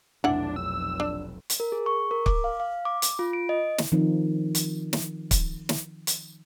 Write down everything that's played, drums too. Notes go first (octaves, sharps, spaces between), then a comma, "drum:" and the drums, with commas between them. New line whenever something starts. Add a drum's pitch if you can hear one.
F1 B1 E3 D4 F#5
E6
D4
drum: hi-hat
A#4
G#4
C#6
A#4
D6, drum: kick C#1
F5
F5
D6
drum: hi-hat
F4
D7
D#5
drum: snare
D#3 F3 C4 D#4
drum: hi-hat
drum: snare
drum: kick C#1, hi-hat
drum: snare
drum: hi-hat